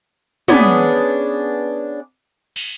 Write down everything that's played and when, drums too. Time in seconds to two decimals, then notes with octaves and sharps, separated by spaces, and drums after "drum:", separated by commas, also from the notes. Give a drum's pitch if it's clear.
0.48 B3 C#4 D4 G#4, drum: tom
2.56 drum: cymbal